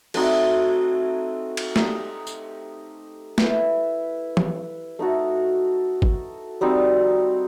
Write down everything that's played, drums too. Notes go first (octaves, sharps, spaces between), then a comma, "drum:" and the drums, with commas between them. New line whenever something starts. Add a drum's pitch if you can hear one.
A3 C4 D#4 F#4, drum: cymbal
drum: cymbal
D#4 G4 D#5, drum: snare
drum: tambourine
E4 B4 E5, drum: snare
drum: tom E3
A3 D#4 F#4 A4
drum: kick G#1
G3 C4 D#4 F#4